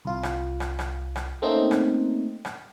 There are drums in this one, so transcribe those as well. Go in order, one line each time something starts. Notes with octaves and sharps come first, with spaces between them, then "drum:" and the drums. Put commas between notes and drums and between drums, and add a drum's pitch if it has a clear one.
C2 F4
drum: rim click
drum: rim click
drum: rim click
drum: rim click
A3 A#3 C4 C#4 D#4
drum: rim click
drum: rim click